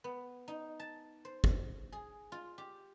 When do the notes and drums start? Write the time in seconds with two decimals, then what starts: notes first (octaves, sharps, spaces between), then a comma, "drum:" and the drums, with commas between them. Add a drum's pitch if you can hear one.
0.04 B3
0.48 D#4
0.80 A5
1.25 C5
1.44 drum: kick
1.92 G#4
2.32 F4
2.58 G4